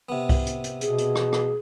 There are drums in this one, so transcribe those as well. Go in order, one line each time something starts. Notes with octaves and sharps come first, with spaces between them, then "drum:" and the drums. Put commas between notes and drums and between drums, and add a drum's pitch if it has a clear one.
C3 B3
drum: kick C2, open hi-hat
drum: hi-hat
drum: hi-hat
B2 G#4, drum: hi-hat
drum: hi-hat
drum: rim click
drum: rim click